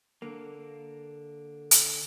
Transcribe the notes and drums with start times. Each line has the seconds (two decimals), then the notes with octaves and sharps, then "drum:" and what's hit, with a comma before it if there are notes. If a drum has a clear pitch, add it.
0.22 D3 A#3
1.71 drum: hi-hat